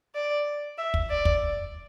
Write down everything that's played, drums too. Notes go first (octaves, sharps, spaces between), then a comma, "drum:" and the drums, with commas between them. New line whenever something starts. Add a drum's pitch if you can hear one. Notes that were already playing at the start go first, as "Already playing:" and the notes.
D5
E5
drum: kick
D5
drum: kick